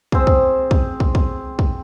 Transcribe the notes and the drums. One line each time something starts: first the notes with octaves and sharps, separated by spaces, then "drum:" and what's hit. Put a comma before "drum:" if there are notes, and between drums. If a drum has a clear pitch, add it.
C4 G#4, drum: kick
drum: kick
drum: kick
drum: kick
drum: kick
drum: kick